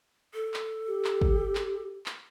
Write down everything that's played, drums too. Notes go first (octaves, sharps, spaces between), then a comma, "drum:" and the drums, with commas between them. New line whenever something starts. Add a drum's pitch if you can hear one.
A4
drum: clap
G4
drum: clap
drum: kick
drum: clap
drum: clap